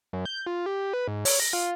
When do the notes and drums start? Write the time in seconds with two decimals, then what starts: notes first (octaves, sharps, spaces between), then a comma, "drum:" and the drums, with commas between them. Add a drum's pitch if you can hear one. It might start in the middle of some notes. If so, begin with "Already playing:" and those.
0.13 F#2
0.26 G6
0.46 F4
0.66 G4
0.93 B4
1.08 G#2
1.25 C#5, drum: open hi-hat
1.40 A#6
1.53 F4